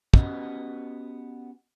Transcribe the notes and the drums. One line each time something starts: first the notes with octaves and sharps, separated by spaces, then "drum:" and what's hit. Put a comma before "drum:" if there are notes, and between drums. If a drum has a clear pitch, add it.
B3 C#4 F#4 G4 D#5, drum: kick